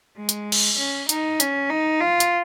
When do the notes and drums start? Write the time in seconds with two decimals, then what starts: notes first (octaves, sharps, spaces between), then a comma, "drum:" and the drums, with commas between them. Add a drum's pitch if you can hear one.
0.17 G#3
0.29 drum: hi-hat
0.52 drum: cymbal
0.78 C#4
1.09 D#4, drum: hi-hat
1.40 C#4, drum: hi-hat
1.70 D#4
2.01 F4
2.20 drum: hi-hat